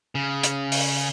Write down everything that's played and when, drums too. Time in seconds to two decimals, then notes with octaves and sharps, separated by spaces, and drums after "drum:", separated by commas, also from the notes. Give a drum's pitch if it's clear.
0.15 C#3
0.43 drum: hi-hat
0.72 drum: open hi-hat